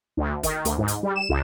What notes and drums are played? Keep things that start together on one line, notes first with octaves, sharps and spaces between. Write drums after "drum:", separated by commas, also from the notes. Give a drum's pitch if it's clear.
D2
D#3, drum: kick, hi-hat
D2, drum: hi-hat
G#2
drum: hi-hat
G3
E7
C#2